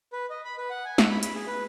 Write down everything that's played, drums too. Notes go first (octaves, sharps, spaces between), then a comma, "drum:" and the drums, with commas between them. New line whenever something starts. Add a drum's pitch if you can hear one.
B4
D#5
B5
B4
F#5
G#5
E6, drum: snare
B5
B5, drum: hi-hat
G#4
B4